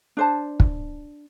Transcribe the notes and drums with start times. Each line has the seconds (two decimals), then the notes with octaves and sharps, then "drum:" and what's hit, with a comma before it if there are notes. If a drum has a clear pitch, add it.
0.17 D4 C5 A5
0.60 drum: kick